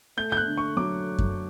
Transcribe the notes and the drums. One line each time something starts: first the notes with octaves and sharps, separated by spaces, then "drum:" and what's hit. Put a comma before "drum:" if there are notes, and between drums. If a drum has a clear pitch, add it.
A3 G6
G6
F#6
D3
C#6
F#3 D6
drum: kick F#2